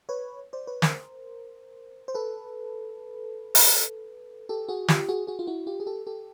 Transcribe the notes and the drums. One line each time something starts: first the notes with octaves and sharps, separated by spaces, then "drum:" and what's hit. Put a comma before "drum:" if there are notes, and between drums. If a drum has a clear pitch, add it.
B4 C#5
C5 D5
B4 C#5
A#4 C5, drum: snare
C5
A4 B4
drum: open hi-hat
G4 A4
F#4 G#4
F4 G4, drum: snare
F#4 G#4
F#4 G#4
F4
E4 F#4
F4 G4
G#4
G4 A4
G4 A4